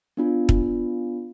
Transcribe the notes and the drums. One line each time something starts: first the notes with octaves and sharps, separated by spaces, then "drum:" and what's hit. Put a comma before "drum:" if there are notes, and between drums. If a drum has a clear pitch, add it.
B3 D4 F4
drum: kick